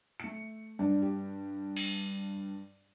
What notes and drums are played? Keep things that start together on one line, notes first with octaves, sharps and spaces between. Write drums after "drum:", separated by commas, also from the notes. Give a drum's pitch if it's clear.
A3 C#7
G2 D4
G4
drum: cymbal